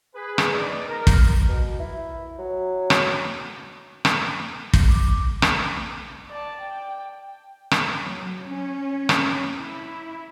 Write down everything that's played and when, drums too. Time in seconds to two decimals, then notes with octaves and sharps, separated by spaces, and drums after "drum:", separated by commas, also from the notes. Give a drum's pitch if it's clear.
0.15 G#4 B4
0.38 drum: rim click
0.54 D#4 D5
0.87 A#4
1.07 drum: kick
1.48 B2
1.79 E4
2.38 F#3
2.90 drum: rim click
4.05 drum: rim click
4.73 drum: kick
4.88 D6
5.42 drum: rim click
6.28 D5 A5
6.61 G5
7.71 drum: rim click
8.03 F#3
8.45 C#4
9.09 drum: rim click
9.55 E4